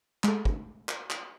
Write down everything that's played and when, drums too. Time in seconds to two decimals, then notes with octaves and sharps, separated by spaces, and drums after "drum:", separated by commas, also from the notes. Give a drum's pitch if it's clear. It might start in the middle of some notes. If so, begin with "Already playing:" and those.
0.24 G#3 A3, drum: clap
0.45 drum: kick
0.89 drum: clap
1.10 drum: clap